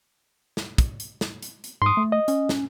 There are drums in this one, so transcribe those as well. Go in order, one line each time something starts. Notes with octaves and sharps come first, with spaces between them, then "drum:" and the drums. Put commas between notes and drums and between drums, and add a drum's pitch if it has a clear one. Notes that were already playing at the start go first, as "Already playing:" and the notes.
drum: snare
drum: kick, hi-hat
drum: hi-hat
drum: snare
drum: hi-hat
drum: hi-hat
G#2 C6 D#6
A3
D#5
C#4, drum: hi-hat
drum: snare